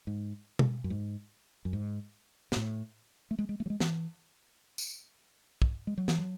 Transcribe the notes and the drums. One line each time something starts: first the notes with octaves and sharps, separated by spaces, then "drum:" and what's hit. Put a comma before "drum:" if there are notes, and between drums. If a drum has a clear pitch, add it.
G#2
drum: tom B2
F#2
G#2
F#2
G#2
B2, drum: snare
A2
A3
G#3
G#3
A3
F#3
G#3
E3, drum: snare
drum: tambourine
drum: kick
G#3
F#3
E3, drum: snare
F#3